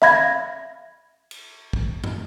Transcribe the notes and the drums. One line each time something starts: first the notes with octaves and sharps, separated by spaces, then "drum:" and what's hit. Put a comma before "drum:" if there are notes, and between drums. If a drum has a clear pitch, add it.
E5 F5 B5 G#6 A#6, drum: snare
drum: cymbal
drum: kick
drum: tom F#2